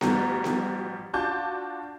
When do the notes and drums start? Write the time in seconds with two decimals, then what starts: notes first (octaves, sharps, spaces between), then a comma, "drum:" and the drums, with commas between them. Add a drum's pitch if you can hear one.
0.01 A1 F3 G3 F#4 A#5, drum: snare B3
0.44 drum: snare B3
1.13 D4 F4 F#4 A5 D6 G6